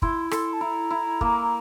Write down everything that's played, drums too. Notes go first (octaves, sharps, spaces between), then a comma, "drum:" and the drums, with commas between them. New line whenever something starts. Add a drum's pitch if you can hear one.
E4 C6, drum: kick
A4 C6, drum: rim click
A5
E4 A#5
E4
A#3, drum: kick